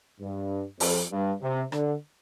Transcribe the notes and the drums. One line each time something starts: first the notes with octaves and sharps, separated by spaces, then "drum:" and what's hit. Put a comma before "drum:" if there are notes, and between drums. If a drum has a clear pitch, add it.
G2
F2, drum: open hi-hat
G2
C3
D3, drum: rim click